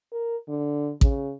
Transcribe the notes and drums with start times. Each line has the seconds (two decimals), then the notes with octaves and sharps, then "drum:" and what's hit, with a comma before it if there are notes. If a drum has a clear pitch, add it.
0.12 A#4
0.49 D3
1.01 C#3, drum: kick A1